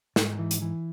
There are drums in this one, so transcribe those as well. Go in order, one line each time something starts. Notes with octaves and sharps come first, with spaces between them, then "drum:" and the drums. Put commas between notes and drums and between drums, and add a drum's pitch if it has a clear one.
G#2, drum: snare
E3
drum: hi-hat
E3